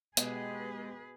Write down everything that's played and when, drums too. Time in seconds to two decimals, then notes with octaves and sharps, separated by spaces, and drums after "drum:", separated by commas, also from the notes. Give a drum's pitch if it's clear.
0.17 B2 G#3 B3 G4 G#4 B4 D#5, drum: hi-hat